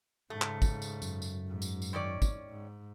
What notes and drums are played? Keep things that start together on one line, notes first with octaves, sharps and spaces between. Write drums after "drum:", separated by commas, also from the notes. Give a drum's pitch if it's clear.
G#2 C#3 A3
drum: clap
drum: kick, tambourine
drum: tambourine
F#2, drum: tambourine
drum: tambourine
G#2
drum: tambourine
drum: tambourine
D#3 C#4 D5
drum: kick, tambourine
G#2